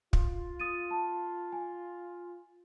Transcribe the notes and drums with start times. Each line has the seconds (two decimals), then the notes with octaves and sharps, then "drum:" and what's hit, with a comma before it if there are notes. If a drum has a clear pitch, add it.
0.13 F4, drum: kick
0.60 D#6 A6 D#7
0.91 A5
1.52 G#5